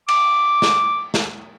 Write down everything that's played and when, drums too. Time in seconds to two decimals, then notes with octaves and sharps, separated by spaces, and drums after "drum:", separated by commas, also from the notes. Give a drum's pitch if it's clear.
0.08 D6, drum: cymbal
0.62 drum: snare
1.14 drum: snare